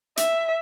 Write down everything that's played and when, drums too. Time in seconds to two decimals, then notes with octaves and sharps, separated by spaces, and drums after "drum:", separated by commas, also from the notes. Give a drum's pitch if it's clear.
0.17 E5, drum: hi-hat